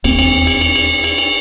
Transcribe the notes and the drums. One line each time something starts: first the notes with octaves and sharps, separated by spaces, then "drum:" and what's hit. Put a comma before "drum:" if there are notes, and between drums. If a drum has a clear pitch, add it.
E1 D#2 B3 C4, drum: cymbal
drum: cymbal
drum: cymbal
drum: cymbal
drum: cymbal
drum: cymbal
drum: cymbal